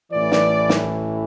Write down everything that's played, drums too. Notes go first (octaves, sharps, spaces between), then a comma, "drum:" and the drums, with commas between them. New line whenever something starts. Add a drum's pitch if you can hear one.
A1 A2 E3 D5
drum: snare
drum: snare